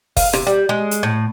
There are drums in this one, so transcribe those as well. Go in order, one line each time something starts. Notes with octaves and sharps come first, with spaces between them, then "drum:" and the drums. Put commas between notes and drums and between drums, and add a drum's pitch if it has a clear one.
F5, drum: kick, open hi-hat
C3, drum: rim click
G3
G#3
drum: hi-hat
A2